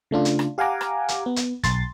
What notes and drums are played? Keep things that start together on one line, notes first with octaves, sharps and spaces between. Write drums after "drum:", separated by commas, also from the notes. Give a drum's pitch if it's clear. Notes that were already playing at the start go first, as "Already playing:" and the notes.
C#3 A3 D4 F4
drum: hi-hat
drum: rim click
G4 F5 F#5 G#5 A#5 D6
drum: rim click
drum: hi-hat
B3
drum: hi-hat
B1 C6 A6, drum: kick, hi-hat